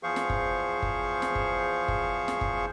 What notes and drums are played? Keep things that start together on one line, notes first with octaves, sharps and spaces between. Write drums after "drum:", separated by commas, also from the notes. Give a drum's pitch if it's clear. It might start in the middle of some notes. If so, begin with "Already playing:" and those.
E2 F3 G#4 C5 F5 C#6
drum: snare
drum: kick
drum: kick
drum: snare
drum: kick
drum: kick
drum: snare
drum: kick